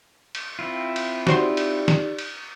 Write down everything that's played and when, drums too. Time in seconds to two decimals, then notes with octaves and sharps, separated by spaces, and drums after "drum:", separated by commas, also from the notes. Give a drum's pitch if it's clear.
0.35 drum: cymbal
0.59 C4 E4 F4
0.96 drum: cymbal
1.27 D#4 F#4 G4 C5 D5 C6, drum: snare
1.57 drum: cymbal
1.88 drum: snare
2.19 drum: cymbal